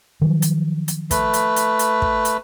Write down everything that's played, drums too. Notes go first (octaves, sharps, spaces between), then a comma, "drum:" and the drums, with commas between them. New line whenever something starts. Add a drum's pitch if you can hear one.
D#3 F3 F#3
drum: hi-hat
drum: hi-hat
A3 B4, drum: kick, hi-hat
drum: hi-hat
drum: hi-hat
drum: hi-hat
drum: kick
drum: hi-hat